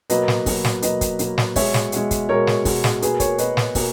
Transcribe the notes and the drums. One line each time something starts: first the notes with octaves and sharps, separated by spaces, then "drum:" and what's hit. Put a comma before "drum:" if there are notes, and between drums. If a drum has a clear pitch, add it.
B2 F#3 A#3 B4 D#5, drum: hi-hat
drum: snare
B2 F#3 A#3, drum: kick, open hi-hat
drum: snare
B2 F#3 A#3 B4 D#5, drum: hi-hat
drum: kick, hi-hat
B2 F#3 A#3, drum: hi-hat
drum: snare
B2 G#3 C#5 E5, drum: kick, open hi-hat
drum: snare
B2 G#3, drum: hi-hat
drum: kick, hi-hat
B2 G#3 A#4 C#5
drum: snare
B2 G#3, drum: kick, open hi-hat
drum: snare
B2 A#3 G#4 B4, drum: hi-hat
A#4 C#5, drum: kick, hi-hat
B2 A#3 B4 D#5, drum: hi-hat
drum: snare
B2 A#3, drum: kick, open hi-hat